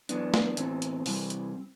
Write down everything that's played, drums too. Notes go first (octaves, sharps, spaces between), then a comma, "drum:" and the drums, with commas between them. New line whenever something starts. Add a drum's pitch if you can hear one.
F#2 E3 B3 D4, drum: hi-hat
drum: snare
A2 E3 B3 C4, drum: hi-hat
drum: hi-hat
C3 E3 G3, drum: open hi-hat
drum: hi-hat